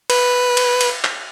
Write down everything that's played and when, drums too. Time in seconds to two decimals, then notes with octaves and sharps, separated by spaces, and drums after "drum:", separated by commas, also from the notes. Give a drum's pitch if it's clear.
0.10 B4, drum: cymbal
0.57 drum: cymbal
0.81 drum: cymbal
1.04 drum: clap